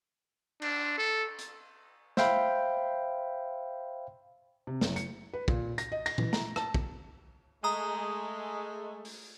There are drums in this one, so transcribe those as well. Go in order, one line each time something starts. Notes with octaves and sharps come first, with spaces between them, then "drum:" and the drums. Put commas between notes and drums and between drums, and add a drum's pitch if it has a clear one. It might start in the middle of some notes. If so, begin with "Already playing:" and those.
D4, drum: cymbal
A4
drum: hi-hat
C5 E5 F5 G5 B5, drum: snare
C3
F#1, drum: snare
C#7, drum: hi-hat
B4
A#2, drum: kick
A#6, drum: hi-hat
D#5
A#6, drum: cymbal
E3, drum: tom
A#5, drum: snare
A5, drum: rim click
drum: kick
G#3 A3 A#5 D#6
drum: open hi-hat